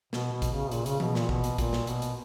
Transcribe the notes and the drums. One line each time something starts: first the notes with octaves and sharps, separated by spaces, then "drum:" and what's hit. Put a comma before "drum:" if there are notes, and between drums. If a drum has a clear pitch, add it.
B2, drum: snare
B2
drum: kick A1, hi-hat
C#3
A#2, drum: hi-hat
C#3, drum: hi-hat
B2, drum: tom E3
A#2, drum: snare
B2, drum: kick A1
drum: hi-hat
A#2, drum: kick A1, hi-hat
drum: snare
B2, drum: hi-hat
drum: hi-hat